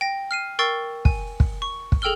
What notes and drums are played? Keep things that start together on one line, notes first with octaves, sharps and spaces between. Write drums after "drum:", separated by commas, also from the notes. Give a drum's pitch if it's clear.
G5 A#6
F6 C7 D#7
A#4 G5 C#6 E6 A6 C7
G#5, drum: kick
drum: kick
C#6
drum: kick
G#4 A4 G5 E6 F6 G7